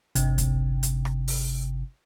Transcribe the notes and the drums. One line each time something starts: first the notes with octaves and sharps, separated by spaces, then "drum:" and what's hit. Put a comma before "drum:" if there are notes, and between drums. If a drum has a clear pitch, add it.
G1 C3, drum: hi-hat
drum: kick C#2, hi-hat
drum: hi-hat
drum: rim click
drum: open hi-hat